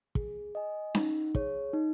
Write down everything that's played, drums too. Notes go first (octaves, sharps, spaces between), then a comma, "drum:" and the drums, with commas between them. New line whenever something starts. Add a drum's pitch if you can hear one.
G#4, drum: kick
D#5 G#5
D#4, drum: snare C#4
G#4 C#5, drum: kick
D#4